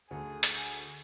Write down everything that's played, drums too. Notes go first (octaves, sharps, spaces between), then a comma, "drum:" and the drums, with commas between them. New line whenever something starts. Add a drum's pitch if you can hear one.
D2 D3 A3 G#4
drum: hi-hat